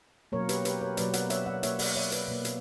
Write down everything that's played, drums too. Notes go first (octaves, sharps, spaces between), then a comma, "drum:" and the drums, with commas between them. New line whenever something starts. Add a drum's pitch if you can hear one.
B2 F#3 A#3 A#4 C#5
G4 B4, drum: hi-hat
G4 B4, drum: hi-hat
A#4 C#5
B2 F#3 A#3 B4 D5, drum: hi-hat
D5 F#5, drum: hi-hat
C#5 E5, drum: hi-hat
D5 F#5
B2 A#3 C#5 E5, drum: hi-hat
D5 F#5, drum: open hi-hat
C#5 E5
B4 D5, drum: hi-hat
B2 A#3
drum: hi-hat